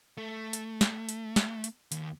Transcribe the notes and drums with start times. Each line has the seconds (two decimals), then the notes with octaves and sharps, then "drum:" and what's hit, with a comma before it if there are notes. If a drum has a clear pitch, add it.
0.18 A3
0.53 drum: hi-hat
0.81 drum: snare
1.09 drum: hi-hat
1.36 drum: snare
1.64 drum: hi-hat
1.92 D#2, drum: hi-hat